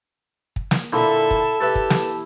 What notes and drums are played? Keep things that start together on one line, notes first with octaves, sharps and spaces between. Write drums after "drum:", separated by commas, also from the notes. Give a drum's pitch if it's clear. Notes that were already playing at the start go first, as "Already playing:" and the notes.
drum: kick
drum: snare
A#2 D3 E4 A4 E5 A5
drum: kick
G4 A4 B4 E5
drum: kick
drum: snare